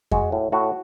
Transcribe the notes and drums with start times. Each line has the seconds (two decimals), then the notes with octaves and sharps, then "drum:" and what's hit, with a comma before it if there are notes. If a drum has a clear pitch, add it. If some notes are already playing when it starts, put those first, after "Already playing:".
0.12 G#3 F#4, drum: kick F2
0.32 A2
0.52 A2 F#4